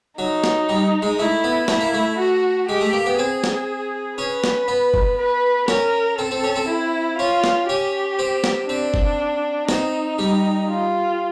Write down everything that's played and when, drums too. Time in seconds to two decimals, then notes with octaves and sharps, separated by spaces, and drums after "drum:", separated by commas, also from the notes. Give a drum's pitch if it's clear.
0.18 F#3 D#4
0.44 drum: snare
0.69 G3
1.02 G#3
1.19 A3 E4
1.44 B3
1.68 A3 E4, drum: snare
1.81 A#3
1.94 A3
2.18 F#4
2.69 G#3 G4
2.81 A3
2.93 A#3
3.06 B3
3.19 C4 G#4
3.44 drum: snare
4.18 C#4 B4
4.44 drum: snare
4.68 B3
4.94 drum: kick F#1
5.18 B4
5.68 C#4 A#4, drum: snare
6.18 C4 A4
6.31 C4
6.44 C#4
6.56 C4
6.68 E4
7.18 C#4 F4
7.44 drum: snare
7.68 C#4 G4
8.19 C4
8.44 drum: snare
8.68 C4 D4
8.94 drum: kick F#1
9.69 C4 D#4, drum: snare
10.19 G3
10.68 F4